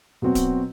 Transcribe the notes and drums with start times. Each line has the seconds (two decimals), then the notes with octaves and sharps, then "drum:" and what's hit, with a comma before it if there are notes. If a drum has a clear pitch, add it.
0.22 B2 F#3 C4 F#4
0.35 drum: kick D1, hi-hat